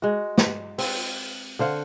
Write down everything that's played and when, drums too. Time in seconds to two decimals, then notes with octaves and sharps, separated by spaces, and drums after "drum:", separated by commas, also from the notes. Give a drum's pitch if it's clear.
0.02 G#3 F#4
0.38 drum: snare A3
0.78 C4, drum: open hi-hat
1.59 D3 C5 F5 F#5